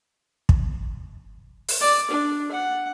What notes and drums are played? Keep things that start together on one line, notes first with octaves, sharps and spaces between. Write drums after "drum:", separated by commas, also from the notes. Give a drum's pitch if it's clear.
drum: kick
drum: open hi-hat
D5
D4
F#5